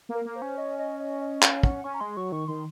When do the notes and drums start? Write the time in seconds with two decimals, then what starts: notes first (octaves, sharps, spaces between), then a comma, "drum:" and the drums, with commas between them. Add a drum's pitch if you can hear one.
0.09 A#3
0.14 A#4
0.25 A#3
0.36 C5
0.42 C#4
0.58 D#5
0.79 D#5
1.00 D#5
1.21 D#5
1.42 F5, drum: clap
1.63 F#5, drum: kick
1.84 C#4 C#6
1.94 A#5
2.00 G#3 C6
2.16 F#3 C#6
2.32 D#3 C#6
2.48 D#3 C6